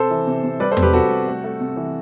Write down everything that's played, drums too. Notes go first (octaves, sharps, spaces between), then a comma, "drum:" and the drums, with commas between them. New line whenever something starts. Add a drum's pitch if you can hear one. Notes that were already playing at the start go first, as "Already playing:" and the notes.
Already playing: C3 A4 C5
E3
C3
C3
G3 B4 D5
A4 C5
C3, drum: tom E2
G4 B4
C3 F#4 A4
G3
A3
A3
C3
E3